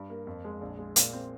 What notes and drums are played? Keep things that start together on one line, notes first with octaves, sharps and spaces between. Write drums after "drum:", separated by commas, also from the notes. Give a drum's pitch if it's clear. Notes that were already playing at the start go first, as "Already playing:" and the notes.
Already playing: G2
A#3
F2
G#3
A#1
G#3
A#2, drum: hi-hat
C4